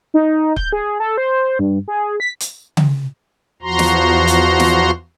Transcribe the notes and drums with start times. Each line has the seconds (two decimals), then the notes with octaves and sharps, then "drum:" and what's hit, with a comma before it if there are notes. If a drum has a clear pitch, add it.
0.14 D#4
0.56 G6, drum: kick C#1
0.72 G#4
1.00 A4
1.18 C5
1.59 G2
1.88 G#4
2.20 B6
2.40 drum: hi-hat
2.77 drum: tom C#3
3.62 E2 F3 F#4 A#5 C6
3.79 drum: snare
4.28 drum: hi-hat
4.60 drum: snare